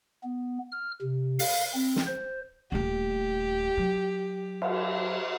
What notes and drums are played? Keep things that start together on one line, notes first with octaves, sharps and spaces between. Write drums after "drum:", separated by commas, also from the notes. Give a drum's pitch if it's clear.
B3
F6
C3
F5, drum: open hi-hat
C4
drum: snare
C5
D#1 A3 G4
F#3
drum: cymbal